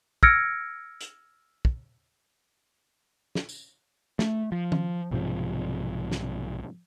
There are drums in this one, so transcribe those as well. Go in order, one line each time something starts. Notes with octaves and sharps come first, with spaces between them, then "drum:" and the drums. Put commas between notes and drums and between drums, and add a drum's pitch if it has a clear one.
E6 F6 G#6 A#6 C#7 D7, drum: kick
drum: hi-hat
drum: kick
drum: snare
drum: tambourine
A3, drum: snare
F3
drum: tom D#3
B1 G#2 C3 F3
drum: snare